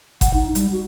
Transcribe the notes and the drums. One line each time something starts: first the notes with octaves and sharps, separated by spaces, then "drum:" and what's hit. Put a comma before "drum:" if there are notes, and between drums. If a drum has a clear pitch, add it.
F#5, drum: kick G1, hi-hat
D#4
G3, drum: hi-hat
F#4